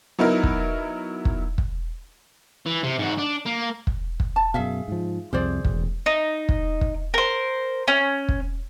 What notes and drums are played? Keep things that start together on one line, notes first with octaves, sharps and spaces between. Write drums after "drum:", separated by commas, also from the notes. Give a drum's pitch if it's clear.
F#3 B3 D#4 E4 A#4
drum: kick
drum: kick
drum: kick
E3
C3
G#2 F#4
D4
A#3
drum: kick
drum: kick
A5
F#2 B2 G#4 E5 F5
G#2 F3
C2 F2 C3 G#4 C5 D5
E1 A1, drum: kick
D#4
drum: kick
drum: kick
A#4 C5
C#4
drum: kick